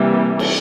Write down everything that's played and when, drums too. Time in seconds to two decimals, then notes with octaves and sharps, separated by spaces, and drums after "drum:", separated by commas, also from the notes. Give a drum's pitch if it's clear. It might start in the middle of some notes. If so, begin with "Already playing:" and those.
Already playing: C3 E3 G3 A#3
0.39 drum: cymbal